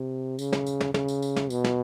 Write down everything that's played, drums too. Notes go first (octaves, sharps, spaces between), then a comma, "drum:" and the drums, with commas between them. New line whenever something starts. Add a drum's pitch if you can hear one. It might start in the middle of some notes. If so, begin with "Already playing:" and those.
Already playing: C3
C#3, drum: tambourine
drum: snare
drum: tambourine
drum: snare
C#3, drum: snare
drum: tambourine
drum: tambourine
drum: snare
B2, drum: tambourine
drum: snare